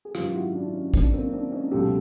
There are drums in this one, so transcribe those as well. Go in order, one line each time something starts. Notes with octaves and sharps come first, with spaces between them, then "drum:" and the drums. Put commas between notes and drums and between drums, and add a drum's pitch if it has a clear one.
G#4
G#1 F#2 D#3 F4 G4, drum: rim click
F4
E4 F#4
D4 E4
C#4 D#4
C4 D4, drum: kick, tambourine
A#3 C4
C4 D4
C#4 D#4
C#2 B2 F#3 G4 A4